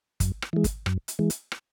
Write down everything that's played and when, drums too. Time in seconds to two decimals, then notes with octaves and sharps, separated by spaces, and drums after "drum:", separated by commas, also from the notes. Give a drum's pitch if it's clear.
0.20 F#2, drum: kick, hi-hat
0.42 drum: rim click
0.53 E3 G#3
0.64 drum: kick, hi-hat
0.86 F#2, drum: rim click
1.08 drum: hi-hat
1.19 E3 G#3
1.30 drum: hi-hat
1.52 drum: rim click